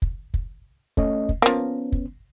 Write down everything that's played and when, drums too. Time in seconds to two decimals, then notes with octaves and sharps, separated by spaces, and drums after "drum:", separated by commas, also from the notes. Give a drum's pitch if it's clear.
0.02 drum: kick
0.34 drum: kick
0.97 A3 C#4 D#5, drum: kick
1.29 drum: kick
1.42 F3 A#3 B3 C#4
1.92 drum: kick